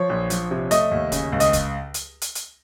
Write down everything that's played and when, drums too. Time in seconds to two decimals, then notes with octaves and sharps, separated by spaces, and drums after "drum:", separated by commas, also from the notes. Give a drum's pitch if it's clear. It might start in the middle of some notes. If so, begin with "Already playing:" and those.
Already playing: F3 C#5
0.09 A#1
0.30 F3, drum: hi-hat
0.51 C3
0.71 A3 D#5, drum: hi-hat
0.91 D#2
1.12 C#3, drum: kick, hi-hat
1.32 C#2
1.40 D#5, drum: hi-hat
1.53 drum: kick, hi-hat
1.94 drum: hi-hat
2.22 drum: hi-hat
2.35 drum: hi-hat